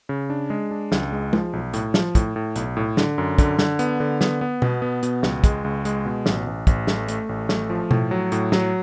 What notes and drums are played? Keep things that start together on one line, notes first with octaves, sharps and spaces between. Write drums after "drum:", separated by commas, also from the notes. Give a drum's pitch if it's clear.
C#3
D4
G#3
D4
C#2, drum: snare
G#3
F3, drum: tom
B1
A2, drum: hi-hat
F3, drum: snare
A2, drum: kick, hi-hat
A2
B1, drum: hi-hat
A2
D3, drum: snare
F#2
D3, drum: kick, hi-hat
D3, drum: snare
B3, drum: hi-hat
D3
B3, drum: snare
B3
B2, drum: tom
B3
B2, drum: hi-hat
C#2, drum: snare
G#3, drum: kick, hi-hat
C#2
G#3, drum: hi-hat
B2
A1, drum: snare
A1
A1, drum: kick, hi-hat
A3, drum: snare
A3, drum: hi-hat
A1
A3, drum: snare
F3
A2, drum: tom B2
F#3
A2, drum: hi-hat
F#3, drum: snare